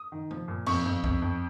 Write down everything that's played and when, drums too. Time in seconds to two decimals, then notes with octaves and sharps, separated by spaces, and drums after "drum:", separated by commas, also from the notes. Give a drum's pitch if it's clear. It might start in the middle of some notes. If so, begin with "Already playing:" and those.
Already playing: D#6
0.12 D#3
0.31 F3, drum: tom
0.48 A#2
0.66 F2 C#6, drum: cymbal
0.85 F2
1.04 F2, drum: kick C2
1.22 F2